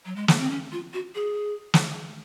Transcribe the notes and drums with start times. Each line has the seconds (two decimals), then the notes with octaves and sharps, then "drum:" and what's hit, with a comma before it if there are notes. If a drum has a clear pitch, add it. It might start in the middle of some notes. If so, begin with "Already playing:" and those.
0.05 F#3
0.16 G#3
0.28 A#3, drum: snare
0.39 C4
0.50 C#4
0.72 F4
0.93 F#4
1.15 G#4
1.74 drum: snare